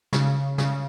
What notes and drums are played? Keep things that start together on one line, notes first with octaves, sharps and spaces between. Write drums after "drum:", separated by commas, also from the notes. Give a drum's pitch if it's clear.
C#3, drum: snare
C#3, drum: snare